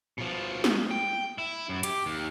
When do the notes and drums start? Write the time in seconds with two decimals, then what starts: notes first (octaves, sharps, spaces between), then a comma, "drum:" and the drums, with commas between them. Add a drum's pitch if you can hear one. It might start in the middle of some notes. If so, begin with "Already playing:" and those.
0.18 B2 F3
0.64 drum: snare
0.91 G5
1.38 E4
1.69 F#2
1.83 G4, drum: hi-hat
2.06 D#2